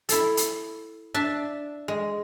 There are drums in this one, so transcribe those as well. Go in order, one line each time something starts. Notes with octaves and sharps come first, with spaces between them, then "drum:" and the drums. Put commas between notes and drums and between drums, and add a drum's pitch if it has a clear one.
E4 A4, drum: hi-hat
drum: hi-hat
D4 E5 A5
G#3